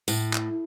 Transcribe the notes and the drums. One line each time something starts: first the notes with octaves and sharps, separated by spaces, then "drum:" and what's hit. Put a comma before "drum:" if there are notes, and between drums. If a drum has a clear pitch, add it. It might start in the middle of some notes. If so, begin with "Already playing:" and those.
A2, drum: tambourine
drum: clap